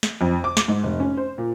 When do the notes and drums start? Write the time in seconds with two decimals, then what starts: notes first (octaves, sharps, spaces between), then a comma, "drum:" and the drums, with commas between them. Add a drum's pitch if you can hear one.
0.03 drum: snare
0.21 F2
0.44 D6
0.57 D6, drum: snare
0.68 G#2
0.83 F1
1.00 C#4
1.17 C5
1.38 A#2